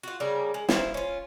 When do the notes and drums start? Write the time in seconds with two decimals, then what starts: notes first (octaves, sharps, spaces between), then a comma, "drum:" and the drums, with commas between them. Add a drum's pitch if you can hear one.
0.03 F4 F#4
0.20 C#3 G3 A#3 A#4
0.54 G#3
0.69 E4 C5 C#5 F5, drum: snare
0.94 C#4 F4